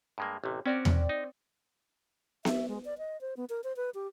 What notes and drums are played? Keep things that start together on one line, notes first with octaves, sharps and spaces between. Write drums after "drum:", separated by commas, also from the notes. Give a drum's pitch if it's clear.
G2 G#3 A#3
A1 C3
C4 C#4 F#4 A#4 D5
drum: tom E2
D#4
E5, drum: snare B3
G#3
D5
D#5
C5
B3
A#4
C5
B4
G4